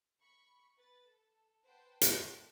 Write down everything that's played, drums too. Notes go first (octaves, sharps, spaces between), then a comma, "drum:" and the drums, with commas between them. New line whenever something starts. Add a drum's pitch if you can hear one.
B5 C#6
B4 A6
A4
B4 C5 F#5 G5 A5
drum: hi-hat
G4 A4 A#4 C5 D5 E5